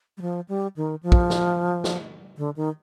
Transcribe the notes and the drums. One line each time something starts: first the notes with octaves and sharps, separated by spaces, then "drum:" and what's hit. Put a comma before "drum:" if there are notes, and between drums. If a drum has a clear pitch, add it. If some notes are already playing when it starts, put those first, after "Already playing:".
G3
F3
G3
D#3
F3
drum: kick
drum: snare
drum: snare
D3
D#3